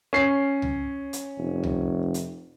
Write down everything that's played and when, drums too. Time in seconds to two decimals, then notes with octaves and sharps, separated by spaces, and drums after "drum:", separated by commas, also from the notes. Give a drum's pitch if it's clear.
0.13 C#4 C7
0.62 drum: tom C#2
1.13 drum: hi-hat
1.38 F1
1.64 drum: tom C#2
2.14 drum: hi-hat